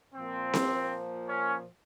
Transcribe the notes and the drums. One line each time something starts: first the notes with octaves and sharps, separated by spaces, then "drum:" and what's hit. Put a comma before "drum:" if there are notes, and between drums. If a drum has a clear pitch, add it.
A#2 F3 C4
drum: snare C4
C#4